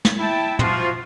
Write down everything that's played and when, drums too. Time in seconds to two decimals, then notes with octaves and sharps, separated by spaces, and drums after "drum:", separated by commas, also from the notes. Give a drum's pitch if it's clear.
0.05 drum: snare
0.19 E4 G5 A5
0.59 F3 F4 F#4 C5, drum: tom